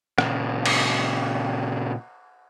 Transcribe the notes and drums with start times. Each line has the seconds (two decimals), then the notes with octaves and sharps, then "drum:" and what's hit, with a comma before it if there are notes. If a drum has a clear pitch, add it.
0.18 A#2 C#3, drum: rim click
0.66 drum: cymbal